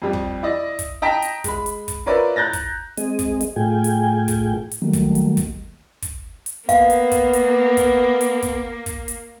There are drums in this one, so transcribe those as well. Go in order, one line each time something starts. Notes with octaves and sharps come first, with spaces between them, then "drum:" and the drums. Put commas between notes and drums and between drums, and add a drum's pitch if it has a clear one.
F2 G3
drum: kick
E4 D5 D#5
drum: kick, hi-hat
D#5 G5 A5 A#5 B6
drum: hi-hat
G#3 B5, drum: kick, hi-hat
drum: hi-hat
drum: kick, hi-hat
F4 A#4 B4 C#5 D5 E5
A#5 F#6 G6 A6 A#6
drum: kick, hi-hat
G#3 C4 G#4 D#5, drum: hi-hat
drum: kick, hi-hat
drum: hi-hat
A2 A3 F4 G#4 G5 G#5
drum: hi-hat
drum: kick, hi-hat
drum: hi-hat
D#3 F#3 G3 A3 A#3
drum: kick, hi-hat
drum: hi-hat
drum: kick, hi-hat
drum: kick, hi-hat
drum: hi-hat
A#3 B3 F5, drum: kick, hi-hat
drum: hi-hat
drum: kick, hi-hat
drum: hi-hat
drum: kick, hi-hat
drum: hi-hat
drum: kick, hi-hat
drum: kick, hi-hat
drum: hi-hat